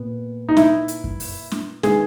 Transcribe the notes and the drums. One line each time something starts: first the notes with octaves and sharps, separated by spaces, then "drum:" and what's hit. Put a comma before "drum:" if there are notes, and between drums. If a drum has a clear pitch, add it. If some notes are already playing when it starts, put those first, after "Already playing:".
Already playing: A#2 B3
D#4
E4, drum: snare
drum: hi-hat
drum: kick F#2
drum: open hi-hat
drum: snare
D#3 G#3 B3 G#4, drum: snare